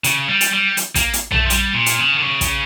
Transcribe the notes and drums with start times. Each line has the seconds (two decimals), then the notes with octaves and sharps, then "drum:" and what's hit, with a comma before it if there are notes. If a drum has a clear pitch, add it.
0.04 C#3, drum: hi-hat
0.29 G3
0.41 drum: hi-hat
0.53 G3
0.77 drum: hi-hat
0.95 A#3, drum: kick, hi-hat
1.13 drum: hi-hat
1.32 A3, drum: tom A#1
1.45 F3
1.50 G3, drum: hi-hat
1.74 A#2
1.86 drum: hi-hat
1.99 C#3
2.17 D3
2.23 C#3
2.41 drum: kick, hi-hat